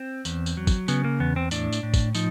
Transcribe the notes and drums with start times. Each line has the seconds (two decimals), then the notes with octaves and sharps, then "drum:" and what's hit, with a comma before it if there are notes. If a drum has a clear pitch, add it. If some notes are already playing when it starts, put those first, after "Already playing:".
Already playing: C4
0.25 E2, drum: tambourine
0.46 drum: tambourine
0.57 F#3
0.67 drum: kick, tambourine
0.88 C#3 B3, drum: tambourine
1.04 A#3
1.20 E2 B3
1.36 C4
1.51 A2 D4, drum: tambourine
1.73 drum: tambourine
1.83 A2
1.94 drum: kick, tambourine
2.15 F3 D#4, drum: tambourine